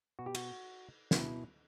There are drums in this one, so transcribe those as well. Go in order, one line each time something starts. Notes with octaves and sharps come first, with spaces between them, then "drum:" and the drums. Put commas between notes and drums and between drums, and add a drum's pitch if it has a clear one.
B2 F#4
G4
F#4, drum: cymbal
B2 E4, drum: snare